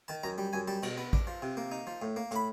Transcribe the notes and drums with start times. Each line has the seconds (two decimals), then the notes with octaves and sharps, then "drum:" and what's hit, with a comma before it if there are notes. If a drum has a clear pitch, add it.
0.08 D#3 A5
0.23 F#2 A#5
0.38 G3
0.53 F#2 G#5
0.68 G3 A5
0.83 B2, drum: cymbal
0.98 B3
1.13 D4, drum: kick
1.27 F3
1.42 C3
1.57 A#3
1.71 D#4
1.87 F3
2.02 A2
2.16 A#3
2.31 A2 B5, drum: hi-hat